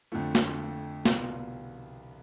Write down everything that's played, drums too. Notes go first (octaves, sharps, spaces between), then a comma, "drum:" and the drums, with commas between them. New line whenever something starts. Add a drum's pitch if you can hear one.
F2 D3 F3 A3
drum: snare
C2 B2 B3 F4, drum: snare